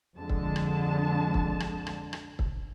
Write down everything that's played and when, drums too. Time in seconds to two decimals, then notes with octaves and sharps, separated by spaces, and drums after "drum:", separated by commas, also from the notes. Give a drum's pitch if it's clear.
0.16 F2 D3 G#3 A5
0.30 drum: kick
0.56 drum: rim click
1.34 drum: kick
1.60 drum: rim click
1.87 drum: rim click
2.13 drum: rim click
2.39 drum: kick